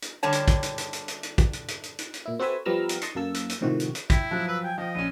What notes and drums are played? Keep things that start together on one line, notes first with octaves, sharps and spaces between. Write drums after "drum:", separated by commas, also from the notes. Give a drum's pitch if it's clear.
drum: hi-hat
D3 G3 C#5 A5
drum: hi-hat
drum: kick, hi-hat
drum: hi-hat
drum: hi-hat
drum: hi-hat
drum: hi-hat
drum: hi-hat
drum: kick, hi-hat
drum: hi-hat
drum: hi-hat
drum: hi-hat
drum: hi-hat
drum: hi-hat
A#2 E4
C4 F#4 A4 B4 E5 G#5
F3 G3 B3 A#5 E6 F6
drum: hi-hat
D#5 A5 C6 C#6, drum: hi-hat
F#2 A#3 A4 E6
drum: hi-hat
drum: hi-hat
A2 C3 D#3 F3 F#4
drum: hi-hat
drum: hi-hat
E4 G5, drum: kick, hi-hat
F3 F#3 F#6
B4 E6
G5 G#5
F3 D#5 G5
A#1 C#4 D#7